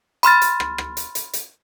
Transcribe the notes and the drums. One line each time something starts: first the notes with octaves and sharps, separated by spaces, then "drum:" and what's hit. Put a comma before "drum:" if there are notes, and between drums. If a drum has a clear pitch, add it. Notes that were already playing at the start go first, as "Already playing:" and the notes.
B5 C6 F6 A6, drum: hi-hat
drum: hi-hat
drum: rim click
drum: rim click
drum: hi-hat
drum: hi-hat
drum: hi-hat